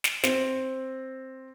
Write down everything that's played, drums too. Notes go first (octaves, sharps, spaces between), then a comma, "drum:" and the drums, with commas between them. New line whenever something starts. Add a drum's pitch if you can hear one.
drum: snare
C4, drum: snare